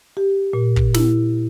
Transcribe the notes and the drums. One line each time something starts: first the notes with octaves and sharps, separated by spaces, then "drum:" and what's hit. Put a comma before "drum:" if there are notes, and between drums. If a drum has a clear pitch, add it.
G4
A#2
drum: kick
E4, drum: snare